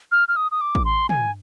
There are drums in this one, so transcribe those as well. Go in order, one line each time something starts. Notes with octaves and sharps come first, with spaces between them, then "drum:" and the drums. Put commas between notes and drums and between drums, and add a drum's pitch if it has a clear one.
F6
F6
D#6
D#6
D6
drum: kick
C6
G#5, drum: tom